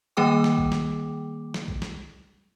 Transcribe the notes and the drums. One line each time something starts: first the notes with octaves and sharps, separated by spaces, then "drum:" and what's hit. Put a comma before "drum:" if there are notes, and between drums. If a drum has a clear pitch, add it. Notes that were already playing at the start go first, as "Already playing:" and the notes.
D#3 G3 A#3 G#4 G5 D6
drum: snare
drum: kick A1
drum: snare
drum: snare
drum: kick A1
drum: snare